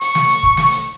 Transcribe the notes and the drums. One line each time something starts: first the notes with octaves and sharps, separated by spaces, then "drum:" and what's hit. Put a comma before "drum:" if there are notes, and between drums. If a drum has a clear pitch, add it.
C#6, drum: hi-hat
drum: snare
drum: hi-hat
drum: kick
drum: snare
drum: hi-hat